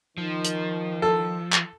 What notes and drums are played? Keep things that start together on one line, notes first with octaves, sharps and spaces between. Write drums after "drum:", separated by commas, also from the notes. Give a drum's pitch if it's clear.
D#3 F3
drum: hi-hat
A4
drum: clap